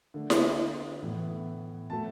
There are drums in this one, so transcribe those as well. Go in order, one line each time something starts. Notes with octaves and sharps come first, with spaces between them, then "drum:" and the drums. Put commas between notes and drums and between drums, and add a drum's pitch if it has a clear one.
D3 A3
drum: snare E4
A2 E3 B3
B2 F#3 A3 A5